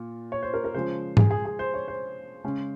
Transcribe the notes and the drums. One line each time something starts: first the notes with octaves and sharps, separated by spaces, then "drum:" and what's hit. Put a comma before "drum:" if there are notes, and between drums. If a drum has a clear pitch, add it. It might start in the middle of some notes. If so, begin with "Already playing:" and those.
Already playing: A#2
C#5
C5
A#4
A#4
C#3 F3 G#3 C#4 C5
G#4, drum: tom G#2
G#4
G#4
C5
C#5
C5
C#3 G#3 C#4